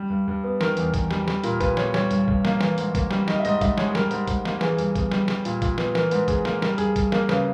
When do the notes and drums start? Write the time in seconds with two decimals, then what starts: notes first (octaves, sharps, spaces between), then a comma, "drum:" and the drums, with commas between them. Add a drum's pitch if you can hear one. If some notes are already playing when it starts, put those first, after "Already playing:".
Already playing: G3
0.10 G2
0.28 G2
0.44 B3
0.61 D#3 A#4, drum: snare
0.77 E2, drum: hi-hat
0.94 E2, drum: kick, hi-hat
1.11 G3, drum: snare
1.28 G3, drum: snare
1.44 A#2 A#4, drum: hi-hat
1.61 A#2 B4, drum: kick, hi-hat
1.77 B3 C#5, drum: snare
1.94 G3 C#5, drum: snare
2.11 G2, drum: hi-hat
2.28 G2, drum: kick
2.45 A#3, drum: snare
2.61 E3, drum: snare
2.78 G#2, drum: hi-hat
2.95 A#3, drum: kick, hi-hat
3.11 G3, drum: snare
3.28 D#3 D#5, drum: snare
3.40 E5
3.45 G#2 D#5, drum: hi-hat
3.61 G#2 E5, drum: kick, hi-hat
3.78 G#3 C#5, drum: snare
3.91 G#4
3.95 G3 A#4, drum: snare
4.11 G#2, drum: hi-hat
4.28 G#2, drum: kick, hi-hat
4.45 A#3, drum: snare
4.61 E3 G#4, drum: snare
4.78 G2, drum: hi-hat
4.96 B3, drum: kick, hi-hat
5.12 G3, drum: snare
5.28 G3, drum: snare
5.45 A#2, drum: hi-hat
5.62 A#2, drum: kick, hi-hat
5.78 B3, drum: snare
5.95 E3 A#4, drum: snare
6.11 G#2 B4, drum: hi-hat
6.28 G#2 G#4, drum: kick, hi-hat
6.45 A#3 A#4, drum: snare
6.62 G3 A#4, drum: snare
6.78 G2 G#4, drum: hi-hat
6.96 G2, drum: kick, hi-hat
7.12 A#3 A#4, drum: snare
7.29 C#3 B4, drum: snare